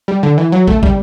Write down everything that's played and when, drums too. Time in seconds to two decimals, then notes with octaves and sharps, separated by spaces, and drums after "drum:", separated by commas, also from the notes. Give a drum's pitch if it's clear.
0.08 G3
0.23 D3
0.38 E3
0.52 F#3
0.68 A3, drum: kick
0.83 G3, drum: kick